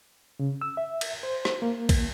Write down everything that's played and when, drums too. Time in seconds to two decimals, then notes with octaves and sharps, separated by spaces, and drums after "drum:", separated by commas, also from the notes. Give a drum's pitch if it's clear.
0.39 C#3
0.61 E6
0.77 E5
1.01 drum: cymbal
1.23 C5
1.45 drum: rim click
1.62 A#3
1.89 drum: kick A#1, cymbal